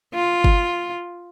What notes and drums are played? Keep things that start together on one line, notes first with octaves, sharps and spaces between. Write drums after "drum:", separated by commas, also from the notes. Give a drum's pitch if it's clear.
F4
drum: kick G1